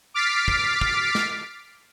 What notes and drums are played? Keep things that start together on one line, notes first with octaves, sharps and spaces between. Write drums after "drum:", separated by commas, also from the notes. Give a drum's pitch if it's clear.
D6 F6 A6 B6 C7 D7
drum: kick
drum: kick
drum: snare